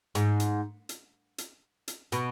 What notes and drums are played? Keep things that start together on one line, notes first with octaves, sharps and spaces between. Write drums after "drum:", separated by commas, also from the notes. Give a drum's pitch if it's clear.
G#2, drum: hi-hat
drum: hi-hat
drum: hi-hat
drum: hi-hat
drum: hi-hat
B2, drum: hi-hat